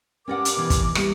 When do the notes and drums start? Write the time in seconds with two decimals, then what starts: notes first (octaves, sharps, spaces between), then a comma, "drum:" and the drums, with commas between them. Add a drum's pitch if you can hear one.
0.28 G2 C#4 A#4 D5 F#5 D6
0.45 drum: hi-hat
0.57 B2 E3
0.70 drum: kick, hi-hat
0.95 E3 G3 A#3, drum: rim click